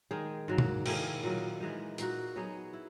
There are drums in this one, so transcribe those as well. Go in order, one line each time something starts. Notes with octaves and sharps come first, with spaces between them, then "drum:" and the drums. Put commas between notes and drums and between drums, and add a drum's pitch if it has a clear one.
D#3 G#3 D#4 G#4
G#2 F#3 A#3
drum: tom
D#3 A#3 E4 G#4, drum: cymbal
A#2 F#3 A#3
E3 G#3 D#4
A#2 A#3 D#4 F#4, drum: hi-hat
F#3 B3 D#4 G#4
E4